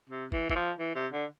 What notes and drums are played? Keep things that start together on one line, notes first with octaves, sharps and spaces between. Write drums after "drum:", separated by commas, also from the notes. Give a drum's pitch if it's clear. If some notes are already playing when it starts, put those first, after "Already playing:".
C3
E3, drum: kick
E3, drum: kick
F3
E3
C3
D3